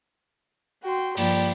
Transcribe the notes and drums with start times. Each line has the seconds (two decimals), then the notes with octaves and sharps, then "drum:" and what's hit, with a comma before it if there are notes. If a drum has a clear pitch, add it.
0.82 F#4 G5 C6
1.17 G2 F3 A#3 D5 G5 B5, drum: open hi-hat